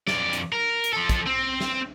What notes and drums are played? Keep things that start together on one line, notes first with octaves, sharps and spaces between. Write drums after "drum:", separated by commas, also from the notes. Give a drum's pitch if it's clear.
F2 D5, drum: snare
drum: hi-hat
A#4
drum: hi-hat
F3 A4
drum: kick, hi-hat
C4
drum: snare